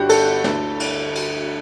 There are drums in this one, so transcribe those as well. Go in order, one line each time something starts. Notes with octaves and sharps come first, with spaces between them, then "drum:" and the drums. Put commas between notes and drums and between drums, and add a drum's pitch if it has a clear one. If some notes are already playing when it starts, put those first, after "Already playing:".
Already playing: G1 G2 D3 F#4 G4
A4, drum: cymbal
D2 D3, drum: snare
drum: cymbal
drum: cymbal